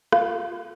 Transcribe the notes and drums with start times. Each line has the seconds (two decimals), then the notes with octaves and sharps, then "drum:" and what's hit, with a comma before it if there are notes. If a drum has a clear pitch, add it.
0.12 F4, drum: rim click